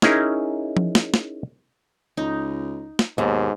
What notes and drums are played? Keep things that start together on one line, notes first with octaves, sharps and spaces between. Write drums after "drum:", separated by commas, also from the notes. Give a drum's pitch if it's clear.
C#4 D#4 E4 G#4 A#4 A#5, drum: snare
drum: tom F3
drum: snare
drum: snare
C#2 D#4
drum: snare
D#2 G#2 B2